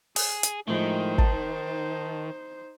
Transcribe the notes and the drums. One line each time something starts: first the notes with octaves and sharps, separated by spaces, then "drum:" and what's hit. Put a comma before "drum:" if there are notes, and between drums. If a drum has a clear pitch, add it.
G#4, drum: open hi-hat
drum: hi-hat
A2 D#3 F3 G#3 D#4 C5
A5, drum: kick